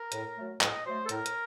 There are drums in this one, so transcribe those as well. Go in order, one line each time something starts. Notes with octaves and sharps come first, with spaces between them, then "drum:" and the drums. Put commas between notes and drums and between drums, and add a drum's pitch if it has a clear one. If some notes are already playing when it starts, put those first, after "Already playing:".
Already playing: A#4
A2, drum: hi-hat
F#3 A3
A2 D#5, drum: clap
F#3 A3 C5
A4
A2 A#4, drum: hi-hat
drum: hi-hat